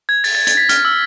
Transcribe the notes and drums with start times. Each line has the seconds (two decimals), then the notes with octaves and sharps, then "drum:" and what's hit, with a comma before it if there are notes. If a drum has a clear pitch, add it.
0.09 G#6
0.24 A6, drum: open hi-hat
0.35 A6
0.47 A6, drum: hi-hat
0.57 B6
0.69 F6, drum: hi-hat
0.85 E6